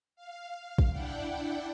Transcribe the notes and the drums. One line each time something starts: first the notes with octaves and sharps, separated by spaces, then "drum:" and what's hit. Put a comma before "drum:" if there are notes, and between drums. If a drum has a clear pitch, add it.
F5
drum: kick
D4 E4 D5 F#5 G5